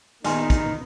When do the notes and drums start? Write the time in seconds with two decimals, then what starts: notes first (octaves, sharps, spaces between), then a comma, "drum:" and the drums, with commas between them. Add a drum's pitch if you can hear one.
0.24 A#1 D#3 A#3 B3 D#4 G#5 C6, drum: hi-hat
0.50 drum: kick, hi-hat